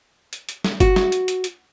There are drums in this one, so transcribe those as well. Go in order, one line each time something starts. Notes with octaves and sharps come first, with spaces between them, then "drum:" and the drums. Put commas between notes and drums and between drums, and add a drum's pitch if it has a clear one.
drum: hi-hat
drum: hi-hat
drum: snare
F#4, drum: kick F#1, hi-hat
drum: snare
drum: hi-hat
drum: hi-hat
drum: hi-hat